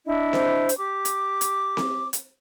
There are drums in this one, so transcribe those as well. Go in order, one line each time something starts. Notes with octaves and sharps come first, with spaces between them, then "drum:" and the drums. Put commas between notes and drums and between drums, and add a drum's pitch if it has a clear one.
D4 E4 D#5
C5, drum: snare C4
drum: hi-hat
G4 D6
drum: hi-hat
drum: hi-hat
drum: snare C4
drum: hi-hat